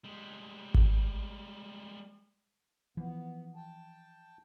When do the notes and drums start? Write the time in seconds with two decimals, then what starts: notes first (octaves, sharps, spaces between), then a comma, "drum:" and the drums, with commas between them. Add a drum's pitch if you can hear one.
0.04 G3 G#3
0.74 drum: kick G#1
2.97 E3 F3 B3
3.56 G5 A5